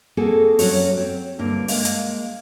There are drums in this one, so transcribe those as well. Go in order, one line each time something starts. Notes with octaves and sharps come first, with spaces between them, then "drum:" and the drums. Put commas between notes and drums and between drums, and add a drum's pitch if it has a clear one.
A#3 C4 F#4 G#4 A4
F#2 F#3 C#4 F#4 C#5, drum: open hi-hat
C4
D2 G2 A#3
G#3 A#3 F5, drum: open hi-hat
drum: hi-hat